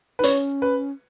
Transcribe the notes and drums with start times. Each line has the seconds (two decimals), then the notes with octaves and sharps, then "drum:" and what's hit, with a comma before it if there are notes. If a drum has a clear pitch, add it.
0.19 D#4 B4
0.23 C#4 C#5, drum: hi-hat
0.62 B4